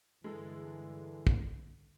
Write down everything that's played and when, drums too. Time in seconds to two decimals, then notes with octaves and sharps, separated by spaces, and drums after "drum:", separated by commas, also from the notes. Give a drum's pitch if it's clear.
0.24 G2 D3 E3 G#3 A4
1.27 drum: kick